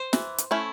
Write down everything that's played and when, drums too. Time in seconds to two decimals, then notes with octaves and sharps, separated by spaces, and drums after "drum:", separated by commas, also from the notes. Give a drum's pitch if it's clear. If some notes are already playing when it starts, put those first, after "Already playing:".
Already playing: C5
0.13 E3, drum: snare
0.38 drum: hi-hat
0.51 A3 C#4 E4